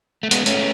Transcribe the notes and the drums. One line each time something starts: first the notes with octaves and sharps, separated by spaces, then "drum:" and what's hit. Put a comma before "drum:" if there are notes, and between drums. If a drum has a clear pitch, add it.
A3
G#3 B3, drum: hi-hat
A3 C#4, drum: hi-hat